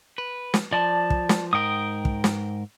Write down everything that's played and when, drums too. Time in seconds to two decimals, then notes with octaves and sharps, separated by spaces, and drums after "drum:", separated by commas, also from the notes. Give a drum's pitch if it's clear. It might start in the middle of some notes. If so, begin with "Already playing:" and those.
0.18 B4
0.54 drum: snare
0.73 F3 D5 A5
1.10 drum: kick
1.29 drum: snare
1.53 G#2 A#4 G5 D#6
2.05 drum: kick
2.24 drum: snare